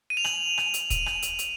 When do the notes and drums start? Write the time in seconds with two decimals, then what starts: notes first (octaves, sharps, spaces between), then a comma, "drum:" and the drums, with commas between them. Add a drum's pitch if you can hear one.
0.10 D#7
0.17 F7
0.24 F#7, drum: rim click
0.58 drum: rim click
0.74 drum: hi-hat
0.90 D#7, drum: kick, hi-hat
1.06 drum: rim click
1.23 drum: hi-hat
1.39 drum: hi-hat